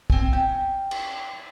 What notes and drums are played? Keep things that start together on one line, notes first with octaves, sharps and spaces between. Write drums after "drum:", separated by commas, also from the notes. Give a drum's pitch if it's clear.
C4 G#5, drum: kick
C#4 G5
drum: cymbal